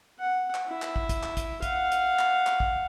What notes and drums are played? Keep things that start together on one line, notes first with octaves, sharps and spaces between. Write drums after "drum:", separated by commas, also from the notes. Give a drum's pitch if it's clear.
F#5
drum: clap
E4
drum: clap
drum: kick
drum: kick, hi-hat
drum: clap
drum: kick, hi-hat
F5 F#5, drum: kick, hi-hat
drum: hi-hat
drum: clap
drum: clap
drum: kick